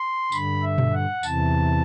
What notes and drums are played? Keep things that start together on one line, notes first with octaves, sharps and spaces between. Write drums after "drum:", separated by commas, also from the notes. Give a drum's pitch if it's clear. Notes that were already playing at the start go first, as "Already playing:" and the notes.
Already playing: C6
G2 D3 B5, drum: tambourine
E5
drum: tom A#2
F#5
E2 C3 E3 A5, drum: tambourine